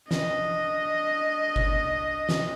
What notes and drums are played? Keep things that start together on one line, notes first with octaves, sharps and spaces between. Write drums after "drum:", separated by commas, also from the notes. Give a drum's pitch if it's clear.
D4 D#5, drum: snare
drum: kick G1
drum: snare